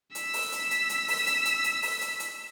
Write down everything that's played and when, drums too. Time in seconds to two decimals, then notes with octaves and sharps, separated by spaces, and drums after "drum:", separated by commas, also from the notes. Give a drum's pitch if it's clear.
0.15 E6 B6, drum: hi-hat
0.33 drum: open hi-hat
0.52 drum: hi-hat
0.71 drum: hi-hat
0.89 drum: hi-hat
1.08 drum: open hi-hat
1.27 drum: hi-hat
1.45 drum: hi-hat
1.64 drum: hi-hat
1.82 drum: open hi-hat
2.01 drum: hi-hat
2.20 drum: hi-hat